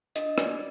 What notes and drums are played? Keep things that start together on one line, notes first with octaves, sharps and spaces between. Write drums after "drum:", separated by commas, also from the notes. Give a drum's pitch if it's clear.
D4 D#5, drum: hi-hat
D5, drum: rim click